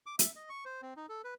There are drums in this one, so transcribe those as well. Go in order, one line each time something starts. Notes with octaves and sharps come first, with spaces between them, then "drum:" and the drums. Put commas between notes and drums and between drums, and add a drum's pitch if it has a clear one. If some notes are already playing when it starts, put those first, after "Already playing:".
D6
E5, drum: hi-hat
D#5
C#6
C5
C4
D#4
A4
B4